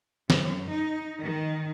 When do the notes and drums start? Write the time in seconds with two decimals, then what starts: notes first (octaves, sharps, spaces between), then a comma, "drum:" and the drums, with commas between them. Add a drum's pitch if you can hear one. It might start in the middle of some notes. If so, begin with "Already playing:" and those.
0.30 F#2, drum: snare
0.72 D#4
1.23 D#3